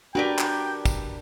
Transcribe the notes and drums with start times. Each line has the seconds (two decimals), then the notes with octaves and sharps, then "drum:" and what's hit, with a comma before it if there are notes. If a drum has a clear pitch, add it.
0.15 D4 F#4 G4 A#4 B4 D5 G5
0.39 drum: clap
0.86 drum: kick, tambourine